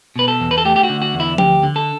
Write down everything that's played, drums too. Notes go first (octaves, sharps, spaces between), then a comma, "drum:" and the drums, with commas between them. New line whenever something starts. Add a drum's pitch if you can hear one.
B2 B4
A4
E2
B4
A4
A3 G4
G4
F#4
D3
F#4
E2
E4
D2 G4, drum: tom F3
D3
A4